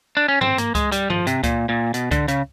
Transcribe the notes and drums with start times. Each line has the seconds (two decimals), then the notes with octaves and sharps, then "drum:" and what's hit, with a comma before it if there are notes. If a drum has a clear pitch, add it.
0.17 D4
0.28 C#4
0.41 C4, drum: tom G2
0.58 A#3, drum: hi-hat
0.75 G#3, drum: kick C#2, hi-hat
0.92 G3, drum: hi-hat
1.10 F3, drum: tom G2
1.27 C3, drum: hi-hat
1.43 A#2, drum: kick C#2, hi-hat
1.69 A#2
1.94 B2, drum: hi-hat
2.11 D3, drum: kick C#2, hi-hat
2.28 C#3, drum: hi-hat